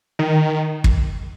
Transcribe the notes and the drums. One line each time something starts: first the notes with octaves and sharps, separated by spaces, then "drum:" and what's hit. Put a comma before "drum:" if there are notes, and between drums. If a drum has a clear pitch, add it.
D#3
drum: kick